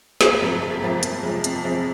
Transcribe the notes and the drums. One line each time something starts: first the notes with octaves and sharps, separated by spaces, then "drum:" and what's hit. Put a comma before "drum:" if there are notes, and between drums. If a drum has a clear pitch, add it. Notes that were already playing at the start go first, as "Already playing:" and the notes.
G1 G#4, drum: snare
F2 C3 F3 A#3
G1
F2 C3 F3 A#3
F2, drum: hi-hat
C3 F3 G#3
F2, drum: hi-hat
C3 F3 G#3